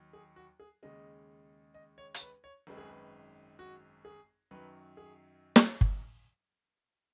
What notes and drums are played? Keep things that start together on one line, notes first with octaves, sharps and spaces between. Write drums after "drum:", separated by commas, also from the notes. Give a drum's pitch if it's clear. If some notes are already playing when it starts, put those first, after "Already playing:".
Already playing: D#2 D#3 F#3
G#4
F#4
G#4
D#2 C#3 G#3 D#5
D#5
C#5
C#5, drum: hi-hat
B4
C#5
G#1 F#2 D#3 G#3 B4
G#4
B4
F#4
G#4
F#2 D#3 F#3 B4
G#4
drum: snare
drum: kick G1